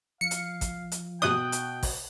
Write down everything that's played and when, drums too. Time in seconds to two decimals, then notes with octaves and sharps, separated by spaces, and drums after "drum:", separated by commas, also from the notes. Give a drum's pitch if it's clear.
0.21 F3 F5 C#7
0.31 drum: hi-hat
0.61 drum: kick A1, hi-hat
0.92 drum: hi-hat
1.22 B2 G5 D#6 F#6 G7, drum: rim click
1.52 drum: hi-hat
1.83 drum: kick A1, open hi-hat